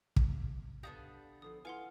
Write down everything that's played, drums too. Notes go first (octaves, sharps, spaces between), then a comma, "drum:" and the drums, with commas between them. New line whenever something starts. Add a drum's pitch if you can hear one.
drum: kick
B3 D4 D#4 G4 A4 F5 D#6 G6
D3 D#3 F3 A4 D#6
F#2 E4 F4 B4 F5 F#5 G#5 C6